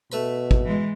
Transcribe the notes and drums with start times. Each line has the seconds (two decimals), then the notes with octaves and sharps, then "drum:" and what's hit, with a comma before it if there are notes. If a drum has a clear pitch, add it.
0.12 B2 A3 B4 B5
0.51 drum: kick
0.65 E3 G#3